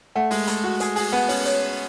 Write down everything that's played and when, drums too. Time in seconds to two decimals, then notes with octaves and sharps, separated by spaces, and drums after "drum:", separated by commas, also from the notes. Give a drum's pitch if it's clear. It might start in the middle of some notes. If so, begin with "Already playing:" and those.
0.16 A3 F#5
0.31 G#3, drum: open hi-hat
0.47 A3 B5, drum: hi-hat
0.64 F#4
0.80 G#4 B4, drum: hi-hat
0.96 G#4, drum: open hi-hat
1.13 B3 F#5
1.29 C#4, drum: open hi-hat
1.45 C#5, drum: hi-hat